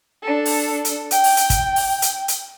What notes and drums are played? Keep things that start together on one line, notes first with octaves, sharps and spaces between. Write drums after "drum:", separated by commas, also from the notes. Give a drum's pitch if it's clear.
D4 A4
drum: open hi-hat
drum: hi-hat
G5, drum: hi-hat
drum: open hi-hat
drum: hi-hat
drum: kick, hi-hat
drum: open hi-hat
drum: hi-hat
drum: hi-hat